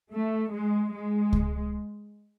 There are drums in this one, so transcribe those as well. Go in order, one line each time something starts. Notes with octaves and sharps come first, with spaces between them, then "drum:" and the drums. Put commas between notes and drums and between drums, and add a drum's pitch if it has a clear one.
A3
G#3
G#3
drum: kick C#2